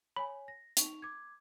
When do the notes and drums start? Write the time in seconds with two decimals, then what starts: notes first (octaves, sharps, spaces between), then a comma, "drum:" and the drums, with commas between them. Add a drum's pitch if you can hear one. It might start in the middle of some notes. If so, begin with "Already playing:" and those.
0.16 C#5 G#5 B5
0.48 A#6
0.77 D#4 C#6 F7, drum: hi-hat
1.02 D6 G#6